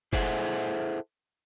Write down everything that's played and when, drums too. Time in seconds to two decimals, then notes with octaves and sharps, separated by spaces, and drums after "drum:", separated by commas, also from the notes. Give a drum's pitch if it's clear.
0.13 E4 G#4 A4 C5 E5 F#5, drum: kick